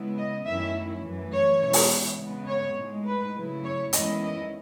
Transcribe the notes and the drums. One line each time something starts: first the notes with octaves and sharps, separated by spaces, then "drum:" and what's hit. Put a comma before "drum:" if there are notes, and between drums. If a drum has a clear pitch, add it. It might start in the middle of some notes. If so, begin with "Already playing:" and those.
Already playing: C#3 G#3 B3 E4
D#5
F#2 D#3 A3 C#4 E4 E5
F#2 E3 A3
C#5
E2 B2 G#3 C#4 E4
drum: open hi-hat
C#3 G#3 B3
C#5
A2 G#3 D#4
B4
C#3 F#3 A3 E4
C#5
E2 D#3 G#3 C#4 E4 D#5, drum: hi-hat
D#5